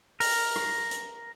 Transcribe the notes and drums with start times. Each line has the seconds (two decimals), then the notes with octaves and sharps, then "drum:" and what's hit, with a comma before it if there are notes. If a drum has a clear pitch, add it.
0.20 A#4, drum: open hi-hat
0.56 drum: rim click
0.91 drum: hi-hat